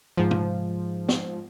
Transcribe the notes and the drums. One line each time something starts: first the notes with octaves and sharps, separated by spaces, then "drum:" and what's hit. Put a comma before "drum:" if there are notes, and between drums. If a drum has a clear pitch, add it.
G#2 F3
drum: tom
drum: snare